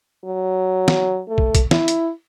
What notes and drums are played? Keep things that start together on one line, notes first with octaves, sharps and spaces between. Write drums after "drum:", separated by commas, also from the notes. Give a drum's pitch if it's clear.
F#3
drum: snare
A3
drum: kick
drum: kick, hi-hat
E4, drum: snare
drum: hi-hat